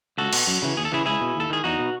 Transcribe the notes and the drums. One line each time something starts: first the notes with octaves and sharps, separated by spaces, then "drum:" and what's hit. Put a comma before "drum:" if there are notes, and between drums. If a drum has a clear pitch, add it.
C#2 F#4 A4
B2, drum: cymbal
F#2
C#3 E3
D#2 G#4
A4
C#3 E3 E4 G#4
C#2 E4 G#4
B2
D#2 A4
D#3 G#4
E2 D#4 F#4
B2